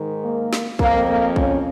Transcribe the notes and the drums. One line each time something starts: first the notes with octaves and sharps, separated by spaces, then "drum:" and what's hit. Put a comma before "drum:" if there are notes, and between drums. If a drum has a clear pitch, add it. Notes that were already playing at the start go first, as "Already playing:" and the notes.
Already playing: G#2 D#3
A#3
drum: snare
F2 F3 A#3, drum: kick
A#3
C#4, drum: kick